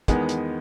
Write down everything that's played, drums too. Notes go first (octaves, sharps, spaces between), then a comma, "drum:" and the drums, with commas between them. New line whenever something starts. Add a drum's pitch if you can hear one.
E2 D#3 G#3 B3, drum: kick, hi-hat
drum: hi-hat